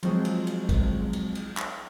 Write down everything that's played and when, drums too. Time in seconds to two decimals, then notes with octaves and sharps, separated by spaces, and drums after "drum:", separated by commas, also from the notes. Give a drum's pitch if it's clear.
0.03 F3 F#3 G#3 C4, drum: cymbal
0.25 drum: cymbal
0.47 drum: cymbal
0.69 drum: kick, cymbal
1.13 drum: cymbal
1.35 drum: cymbal
1.57 drum: clap